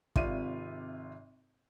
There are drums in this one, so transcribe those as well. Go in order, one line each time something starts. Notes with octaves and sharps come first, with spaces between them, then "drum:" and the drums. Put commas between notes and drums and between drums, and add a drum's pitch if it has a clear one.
G#1 C3 F4 D5 E5 D#7, drum: kick